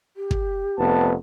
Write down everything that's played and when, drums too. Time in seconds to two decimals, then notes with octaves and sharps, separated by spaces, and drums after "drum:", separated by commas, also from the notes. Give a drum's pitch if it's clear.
0.16 G4
0.31 drum: kick
0.79 F1 B3 A5